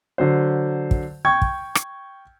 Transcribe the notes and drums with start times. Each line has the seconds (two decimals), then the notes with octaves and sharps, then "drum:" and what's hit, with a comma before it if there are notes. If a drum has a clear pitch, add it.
0.18 D3 F#3 C5
0.91 drum: kick
1.25 G5 C#6 G#6
1.42 drum: kick
1.75 drum: rim click